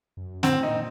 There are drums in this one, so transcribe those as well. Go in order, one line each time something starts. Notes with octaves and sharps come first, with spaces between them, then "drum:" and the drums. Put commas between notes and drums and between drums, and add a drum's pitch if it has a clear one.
F#2
A#2 C4, drum: snare
A2
A#2 D#4